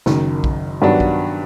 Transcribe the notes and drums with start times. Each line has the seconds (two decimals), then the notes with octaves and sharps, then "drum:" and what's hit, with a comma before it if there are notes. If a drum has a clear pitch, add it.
0.06 F#1 F#2 D#3, drum: snare
0.44 drum: kick A#1
0.82 G2 D#3 F#3 B3 D4
1.00 drum: kick A#1